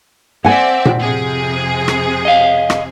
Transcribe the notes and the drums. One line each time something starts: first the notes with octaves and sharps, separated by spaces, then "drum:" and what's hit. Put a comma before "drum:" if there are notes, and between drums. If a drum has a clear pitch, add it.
C4 D5 E5 F#5 G#5
drum: tom A#2
F2 C3 G#4
drum: rim click
D#5 F5
drum: rim click